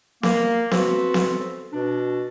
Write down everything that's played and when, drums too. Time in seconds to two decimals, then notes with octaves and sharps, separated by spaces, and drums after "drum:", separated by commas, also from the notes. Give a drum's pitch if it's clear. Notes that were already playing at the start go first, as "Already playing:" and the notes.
0.23 A#3, drum: snare B3
0.71 C4 F#4 A4 B4, drum: snare B3
1.14 drum: snare B3
1.73 B2 D4